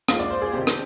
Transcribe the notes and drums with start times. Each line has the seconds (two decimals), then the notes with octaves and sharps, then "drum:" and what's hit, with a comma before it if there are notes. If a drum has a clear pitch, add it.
0.09 A#1 A#2 G#3 F5, drum: rim click
0.20 D5
0.30 C5
0.42 G#4
0.53 F2 C3 D#3 G4
0.67 drum: rim click